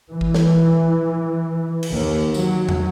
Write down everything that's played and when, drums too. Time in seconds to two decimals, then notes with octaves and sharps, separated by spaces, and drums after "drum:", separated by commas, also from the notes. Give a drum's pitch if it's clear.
0.11 E3
0.21 drum: kick G#1
0.34 drum: snare
1.83 drum: cymbal
1.92 D#2
2.34 F#3, drum: tambourine
2.69 drum: tom